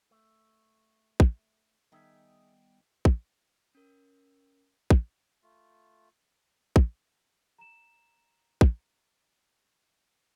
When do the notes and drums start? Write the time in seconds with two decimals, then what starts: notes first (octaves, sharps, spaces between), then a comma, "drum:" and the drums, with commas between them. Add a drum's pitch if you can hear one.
0.11 A3
1.20 drum: kick
1.92 D#3 G3 B3 D#4 G#4 E5 G5
3.05 drum: kick
3.75 C#4 A#4
4.90 drum: kick
5.43 A3 F4
6.76 drum: kick
7.58 A#5 E7
8.61 drum: kick